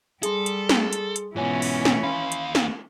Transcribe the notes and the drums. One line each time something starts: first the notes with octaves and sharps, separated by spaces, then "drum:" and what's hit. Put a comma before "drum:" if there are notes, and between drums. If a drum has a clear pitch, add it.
G3 G#4 A4 C6, drum: hi-hat
drum: hi-hat
drum: snare
drum: hi-hat
drum: hi-hat
G#2 B2 E3 C#4 F4 C#5 G#5
drum: open hi-hat
drum: snare
D#2 F5 B5 C6
drum: hi-hat
drum: snare